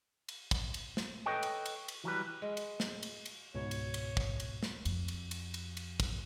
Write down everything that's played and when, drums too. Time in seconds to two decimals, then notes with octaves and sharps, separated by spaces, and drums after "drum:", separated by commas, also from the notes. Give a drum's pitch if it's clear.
0.28 drum: cymbal
0.51 drum: kick, cymbal
0.74 drum: cymbal
0.97 drum: snare
1.26 A4 B4 C#5 D#5 G5
1.43 drum: cymbal
1.66 drum: cymbal
1.88 drum: cymbal
2.04 E3 F#3 G3 B4
2.42 G#3
2.57 drum: cymbal
2.80 drum: snare
3.03 drum: cymbal
3.25 drum: cymbal
3.55 C#2 G#2 B2 C#5
3.71 drum: cymbal
3.94 drum: cymbal
4.17 drum: kick
4.40 drum: cymbal
4.63 drum: snare
4.85 F2, drum: cymbal
5.08 drum: cymbal
5.31 drum: cymbal
5.54 drum: cymbal
5.77 drum: cymbal
6.00 drum: kick, cymbal